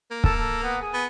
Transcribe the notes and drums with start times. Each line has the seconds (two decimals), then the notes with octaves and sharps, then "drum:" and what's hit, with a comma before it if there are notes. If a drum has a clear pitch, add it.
0.11 A#3
0.24 A4, drum: kick
0.38 A4
0.63 B3
0.81 G#4
0.94 B3